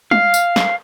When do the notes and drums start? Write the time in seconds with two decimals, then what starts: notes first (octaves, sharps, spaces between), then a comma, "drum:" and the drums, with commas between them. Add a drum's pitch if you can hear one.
0.11 F5, drum: tom G3
0.34 drum: tambourine
0.56 drum: snare